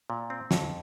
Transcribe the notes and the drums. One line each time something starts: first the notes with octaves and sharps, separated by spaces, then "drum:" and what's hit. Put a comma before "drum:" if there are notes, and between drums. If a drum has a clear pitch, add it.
A#2
C4
F2, drum: snare